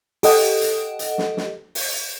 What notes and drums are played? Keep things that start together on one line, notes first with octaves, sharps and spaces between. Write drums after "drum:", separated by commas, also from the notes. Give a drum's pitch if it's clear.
G4 A4 D#5 F#5, drum: open hi-hat
drum: hi-hat
drum: hi-hat
drum: snare
drum: snare
drum: open hi-hat